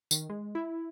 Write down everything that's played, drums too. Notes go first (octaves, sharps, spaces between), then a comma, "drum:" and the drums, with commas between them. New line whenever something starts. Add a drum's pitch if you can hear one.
D#3, drum: tambourine
G#3
E4